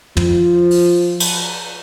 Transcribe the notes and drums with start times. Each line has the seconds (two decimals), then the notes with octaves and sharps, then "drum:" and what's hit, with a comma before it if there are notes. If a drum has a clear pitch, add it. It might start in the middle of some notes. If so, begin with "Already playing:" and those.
0.17 F3, drum: tom
0.71 drum: open hi-hat
1.20 drum: cymbal